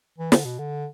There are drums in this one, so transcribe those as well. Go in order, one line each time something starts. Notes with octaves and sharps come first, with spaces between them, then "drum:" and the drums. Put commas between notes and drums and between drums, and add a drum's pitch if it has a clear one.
E3
D3, drum: snare
B2
D3